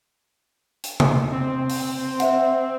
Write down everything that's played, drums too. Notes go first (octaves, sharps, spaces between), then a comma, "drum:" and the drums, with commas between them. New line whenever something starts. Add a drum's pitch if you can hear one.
drum: hi-hat
drum: tom C3
C4
drum: open hi-hat
C5 E5 F#5, drum: hi-hat